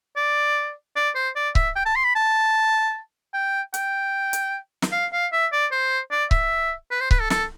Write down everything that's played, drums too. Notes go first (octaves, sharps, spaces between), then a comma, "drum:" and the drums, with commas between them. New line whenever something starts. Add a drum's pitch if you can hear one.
D5
D5
C5
D5
E5, drum: kick C#1
G5
A5
C6
B5
A5
G5
G5, drum: hi-hat
drum: hi-hat
drum: snare
F5
F5
E5
D5
C5
D5
E5, drum: kick C#1
B4
C5
B4, drum: kick C#1
A4
A4, drum: snare